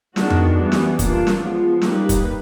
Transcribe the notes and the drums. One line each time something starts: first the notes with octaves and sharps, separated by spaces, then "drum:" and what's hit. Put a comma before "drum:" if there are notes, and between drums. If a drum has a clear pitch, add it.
D#3 G#3 B3 D4 F#4, drum: snare
drum: tom F2
E3 G3 B3
drum: snare
A#3 D4 F4, drum: kick, hi-hat
drum: snare
F3 G#3 B3
G3 A#3 D#4 G4 B4, drum: snare
drum: kick, hi-hat